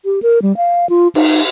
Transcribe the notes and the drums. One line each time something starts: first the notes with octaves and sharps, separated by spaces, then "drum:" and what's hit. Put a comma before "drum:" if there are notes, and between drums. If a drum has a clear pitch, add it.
G4
A#4
G3
F5
F4
D#4, drum: cymbal